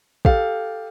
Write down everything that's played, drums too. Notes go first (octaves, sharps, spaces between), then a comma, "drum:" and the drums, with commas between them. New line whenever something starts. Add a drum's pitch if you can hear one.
G4 A4 F5, drum: kick